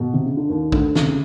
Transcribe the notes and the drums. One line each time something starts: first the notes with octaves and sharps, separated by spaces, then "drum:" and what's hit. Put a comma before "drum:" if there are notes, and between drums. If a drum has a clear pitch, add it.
B2
C3
C#3
D3
D#2 D#3
D2 D3, drum: kick
C#3, drum: snare
C3
C#3